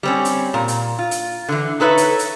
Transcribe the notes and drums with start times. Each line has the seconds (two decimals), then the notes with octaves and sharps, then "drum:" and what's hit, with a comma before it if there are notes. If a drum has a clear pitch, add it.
0.03 G3 C4 C#4
0.25 drum: hi-hat
0.54 A#2
0.68 drum: hi-hat
0.98 F4
1.11 drum: hi-hat
1.49 D3 E3
1.80 D#4 A4 B4 C#5 E5
1.98 drum: hi-hat
2.19 drum: hi-hat